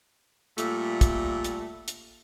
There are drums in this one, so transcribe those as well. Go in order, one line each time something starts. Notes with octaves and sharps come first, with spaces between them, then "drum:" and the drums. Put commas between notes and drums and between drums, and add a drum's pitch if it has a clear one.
A#2 G3 A3, drum: hi-hat
drum: kick, hi-hat
drum: hi-hat
drum: hi-hat